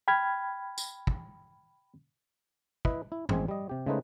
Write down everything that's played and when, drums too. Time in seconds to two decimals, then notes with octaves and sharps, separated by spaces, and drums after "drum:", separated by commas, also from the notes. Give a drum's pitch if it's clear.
0.08 G5 B5 F6 G#6
0.78 drum: tambourine
1.07 drum: kick
2.85 E4 B4 D#5, drum: kick
3.12 E4
3.29 A1 G#3 C4 G#5, drum: tom G2
3.48 G3 D#5
3.69 C3 G4
3.87 C#3 G#3 A3 D#4 B4 C5